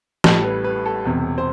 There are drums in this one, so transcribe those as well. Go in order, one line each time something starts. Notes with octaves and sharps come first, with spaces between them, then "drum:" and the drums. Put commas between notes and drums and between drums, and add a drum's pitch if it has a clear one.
A1 A2 G3 A4, drum: snare
B4
B4
A4
E1 E2 C3
C5